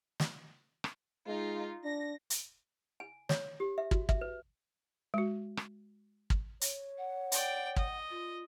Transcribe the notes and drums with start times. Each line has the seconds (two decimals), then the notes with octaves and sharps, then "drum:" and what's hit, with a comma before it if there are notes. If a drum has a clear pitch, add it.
0.20 drum: snare
0.84 drum: rim click
1.27 G#3 D#4 F4
1.84 D4 A#6
2.30 drum: hi-hat
3.00 G#5
3.29 C#5, drum: snare
3.60 G4
3.78 E5
3.91 F#4, drum: kick
4.09 E5, drum: kick
4.21 B4
5.14 G#3 F#4
5.57 drum: rim click
6.30 drum: kick
6.61 C#5, drum: hi-hat
6.97 F#5
7.32 D5 G5, drum: hi-hat
7.76 D#5, drum: kick
8.10 F4